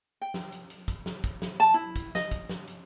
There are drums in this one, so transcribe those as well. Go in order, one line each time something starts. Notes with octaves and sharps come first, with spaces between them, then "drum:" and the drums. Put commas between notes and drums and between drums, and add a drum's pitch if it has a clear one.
G5
drum: snare
drum: hi-hat
drum: hi-hat
drum: kick, hi-hat
drum: snare
drum: kick, hi-hat
drum: snare
A5, drum: hi-hat
E4
drum: kick, hi-hat
D#5, drum: snare
drum: kick, hi-hat
drum: snare
drum: hi-hat